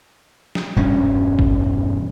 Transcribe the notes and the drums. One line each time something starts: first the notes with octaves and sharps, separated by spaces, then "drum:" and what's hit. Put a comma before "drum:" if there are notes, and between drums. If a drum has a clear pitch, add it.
drum: snare
E1 G2 C#4
drum: kick